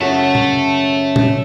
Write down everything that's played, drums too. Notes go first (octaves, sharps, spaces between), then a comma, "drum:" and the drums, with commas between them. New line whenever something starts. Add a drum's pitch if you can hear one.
F#2 C#3 F#4 E5 A5
drum: tom
drum: tom A#2